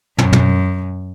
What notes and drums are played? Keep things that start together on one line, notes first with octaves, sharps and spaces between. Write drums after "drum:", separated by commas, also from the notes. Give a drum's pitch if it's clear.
F#2, drum: tom
drum: tom